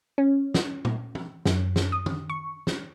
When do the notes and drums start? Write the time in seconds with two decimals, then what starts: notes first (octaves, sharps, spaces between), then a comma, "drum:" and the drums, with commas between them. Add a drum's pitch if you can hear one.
0.18 C#4
0.54 drum: snare
0.85 drum: tom A#2
1.15 drum: tom
1.45 F#2, drum: snare
1.76 drum: snare
1.92 D#6
2.06 drum: tom D#3
2.30 C#6
2.67 drum: snare